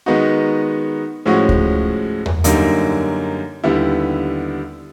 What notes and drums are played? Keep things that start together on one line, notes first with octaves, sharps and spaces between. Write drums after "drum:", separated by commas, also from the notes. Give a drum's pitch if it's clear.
D#3 G#3 B3 D#4 F#4
A2 F3 G#3 C#4 F#4
drum: kick D2
drum: tom E2
F#2 D3 G3 A#3 D#4, drum: hi-hat
D#2 D3 G3 B3 E4